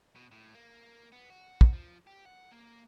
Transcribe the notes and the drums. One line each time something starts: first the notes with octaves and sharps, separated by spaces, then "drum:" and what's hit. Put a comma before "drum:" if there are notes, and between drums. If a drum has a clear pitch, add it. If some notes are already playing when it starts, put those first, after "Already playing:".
B2
A2
A#3
B3
F#4
drum: kick
F3
G4
F#5
A#3